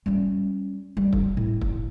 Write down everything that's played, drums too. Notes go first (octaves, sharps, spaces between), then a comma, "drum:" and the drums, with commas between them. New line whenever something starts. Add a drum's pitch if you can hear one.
G3 C#4
G3
drum: kick
A2
drum: kick